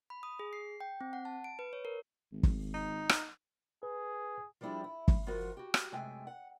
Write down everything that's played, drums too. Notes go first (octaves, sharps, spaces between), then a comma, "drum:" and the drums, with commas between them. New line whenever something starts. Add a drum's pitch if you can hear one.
B5
D#6
G#4
C7
G5
C4
F#5
A5
D7
B4
C#5
A#4
G#1
drum: kick
D#4
drum: rim click
G#4 B4
F3 G3 D4 E4 G4 G#4
E4
drum: kick
F3 F4 F#4 A#4 F#5
F#4 G4
drum: rim click
F#2 C3 G#3 A3 G5 G#5
F#5